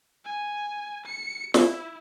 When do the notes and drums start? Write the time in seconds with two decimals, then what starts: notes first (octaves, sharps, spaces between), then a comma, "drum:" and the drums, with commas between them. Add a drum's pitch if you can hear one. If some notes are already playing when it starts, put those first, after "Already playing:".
0.24 G#5
1.05 C#7
1.54 E4, drum: snare